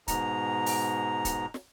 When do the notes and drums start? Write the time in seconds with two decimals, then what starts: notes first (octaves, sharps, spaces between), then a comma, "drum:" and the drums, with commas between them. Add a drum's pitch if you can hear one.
0.08 G#2 B2 A#5, drum: kick, hi-hat
0.66 drum: open hi-hat
1.25 drum: kick, hi-hat
1.54 drum: snare